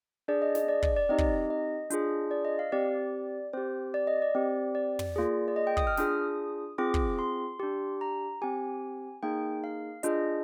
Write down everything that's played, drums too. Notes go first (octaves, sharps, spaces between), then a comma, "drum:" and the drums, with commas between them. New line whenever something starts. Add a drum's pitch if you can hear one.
D4 G#4 D5
D#5
D#5, drum: snare
D5
D5, drum: kick
D5
C4 D#4 G4 D#5
drum: kick
D#5
D4 F4 G#4, drum: hi-hat
D5
D#5
F5
C4 G4 D5
C4 G4 C5
D5
D#5
D5
C4 G4
D5
drum: tom
A#3 F4 G#4
D5
D#5
G5
D#6, drum: kick
F6
D4 F4 G#4 D#6, drum: snare
C4 F4 G#4 D6
drum: kick
C6
D4 G4
A#5
C4 G4 G#5
A#3 D#4 G#4 G5
F5
D4 F4 G#4 D#5, drum: hi-hat